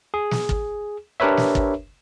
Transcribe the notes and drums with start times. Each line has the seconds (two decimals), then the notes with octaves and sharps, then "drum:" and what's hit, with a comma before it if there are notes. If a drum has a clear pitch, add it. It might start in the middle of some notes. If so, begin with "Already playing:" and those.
0.14 G#4
0.31 drum: snare
0.49 drum: kick
1.20 D4 G4 A#4 B4 C#5 E5
1.37 drum: snare
1.55 drum: kick